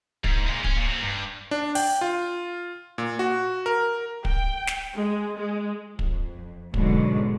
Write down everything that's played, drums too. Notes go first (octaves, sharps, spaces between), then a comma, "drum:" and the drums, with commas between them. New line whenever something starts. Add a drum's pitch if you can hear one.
G#2, drum: kick
A#2 G#3
C#4, drum: kick
A#2
F#3 C4
G2
D4
G5, drum: open hi-hat
F4
A#2
F#4
A#4
G5, drum: kick
drum: snare
G#3
G#3
F2, drum: kick
G#2 B2 D3 F#3 G#3 D4, drum: kick